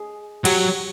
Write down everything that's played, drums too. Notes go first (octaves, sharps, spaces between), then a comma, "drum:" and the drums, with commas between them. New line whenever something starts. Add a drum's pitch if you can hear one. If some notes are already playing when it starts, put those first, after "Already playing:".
Already playing: G#4
F#3 G4, drum: cymbal